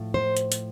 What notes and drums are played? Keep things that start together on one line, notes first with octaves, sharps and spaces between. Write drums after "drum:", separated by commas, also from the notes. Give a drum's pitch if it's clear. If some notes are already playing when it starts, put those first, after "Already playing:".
Already playing: A2 F3
C5
drum: hi-hat
drum: hi-hat